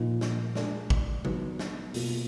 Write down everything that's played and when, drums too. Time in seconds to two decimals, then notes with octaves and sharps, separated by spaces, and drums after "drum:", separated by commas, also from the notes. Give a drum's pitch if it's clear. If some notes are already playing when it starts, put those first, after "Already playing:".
Already playing: A#2 F3 A#3 D#4
0.21 drum: snare
0.56 G#3 D4 G#4, drum: snare
0.90 drum: kick
1.25 D#3 F#3 B3, drum: tom C3
1.59 drum: snare
1.94 B2 A#3 F4, drum: open hi-hat